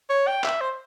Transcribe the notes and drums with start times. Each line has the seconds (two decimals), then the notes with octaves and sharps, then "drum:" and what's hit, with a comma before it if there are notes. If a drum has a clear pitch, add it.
0.10 C#5
0.27 G5
0.44 E5, drum: clap
0.61 C5